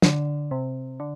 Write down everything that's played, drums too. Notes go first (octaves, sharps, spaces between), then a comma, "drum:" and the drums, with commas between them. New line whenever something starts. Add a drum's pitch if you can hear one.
D3, drum: snare
C3
D3